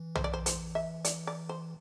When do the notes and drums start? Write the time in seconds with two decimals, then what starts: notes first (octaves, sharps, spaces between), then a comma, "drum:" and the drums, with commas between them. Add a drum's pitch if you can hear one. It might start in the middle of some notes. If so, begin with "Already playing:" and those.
Already playing: E3
0.15 C5, drum: tom B1
0.24 D5
0.33 C5
0.46 C5, drum: hi-hat
0.75 E5
1.05 D5, drum: hi-hat
1.27 D5
1.49 C5